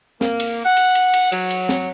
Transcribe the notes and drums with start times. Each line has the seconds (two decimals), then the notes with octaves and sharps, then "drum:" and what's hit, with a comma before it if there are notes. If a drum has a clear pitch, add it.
0.21 A#3, drum: snare
0.40 drum: cymbal
0.65 F#5
0.77 drum: cymbal
0.95 drum: cymbal
1.14 drum: cymbal
1.32 F#3, drum: cymbal
1.51 drum: cymbal
1.69 drum: snare